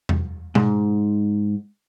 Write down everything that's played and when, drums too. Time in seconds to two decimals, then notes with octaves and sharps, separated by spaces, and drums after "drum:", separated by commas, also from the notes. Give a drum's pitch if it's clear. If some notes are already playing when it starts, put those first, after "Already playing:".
0.09 drum: tom E2
0.55 G#2, drum: tom B2